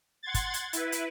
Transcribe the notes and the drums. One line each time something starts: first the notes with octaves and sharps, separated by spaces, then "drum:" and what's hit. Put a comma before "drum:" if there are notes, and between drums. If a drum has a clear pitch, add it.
F#5 C6 G#6 A6
drum: kick, hi-hat
drum: hi-hat
E4 B4, drum: hi-hat
drum: hi-hat